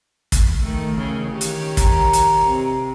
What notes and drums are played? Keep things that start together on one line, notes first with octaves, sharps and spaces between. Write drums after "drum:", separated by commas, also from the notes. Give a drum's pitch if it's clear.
drum: kick, hi-hat
D#3 A3
C#3 E3
D#3 G4 C#5
drum: hi-hat
A#5, drum: kick, hi-hat
drum: hi-hat
C3